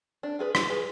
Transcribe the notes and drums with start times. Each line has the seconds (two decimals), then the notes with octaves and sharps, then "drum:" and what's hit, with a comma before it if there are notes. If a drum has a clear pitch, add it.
0.23 D4
0.39 F4 G#4 B4
0.55 D4, drum: rim click
0.70 F4 G#4 B4